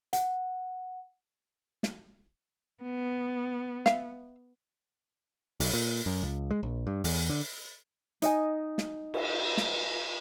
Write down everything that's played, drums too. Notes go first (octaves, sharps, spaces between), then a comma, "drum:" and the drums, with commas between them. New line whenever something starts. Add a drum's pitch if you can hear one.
F#5, drum: hi-hat
drum: snare
B3
E5 F5, drum: snare
B1, drum: open hi-hat
A#2
F#2
C#2
G#3
A#1
G2
E2, drum: open hi-hat
D3
D#4 D#5 G#5, drum: hi-hat
drum: snare
drum: cymbal
drum: snare